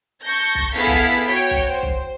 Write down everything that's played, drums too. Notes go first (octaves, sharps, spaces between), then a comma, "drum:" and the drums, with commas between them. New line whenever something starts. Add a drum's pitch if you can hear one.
A5 C#6 G6 A#6
drum: kick B1
B3 E4 G#4 A4 F5 B6
drum: kick B1
F#4 C#5 G5
drum: kick B1
C5
drum: kick B1